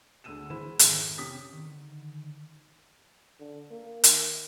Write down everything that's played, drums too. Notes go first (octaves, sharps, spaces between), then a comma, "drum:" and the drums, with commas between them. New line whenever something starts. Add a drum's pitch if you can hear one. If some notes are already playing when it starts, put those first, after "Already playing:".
D2 D3 G#3 E6 D#7 E7
E3 G#3 E4 C5 E7
F2 G#2 D#3, drum: hi-hat
C3 C#4 G4 D#6 B6
D3 D#3
D3
A#3
D#3, drum: hi-hat